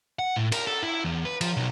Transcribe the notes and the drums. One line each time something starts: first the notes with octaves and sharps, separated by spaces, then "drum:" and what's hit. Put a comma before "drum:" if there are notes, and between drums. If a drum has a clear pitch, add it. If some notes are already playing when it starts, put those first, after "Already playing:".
F#5
A2
A#4, drum: cymbal
A4
E4
E2
B4
F3, drum: cymbal
B1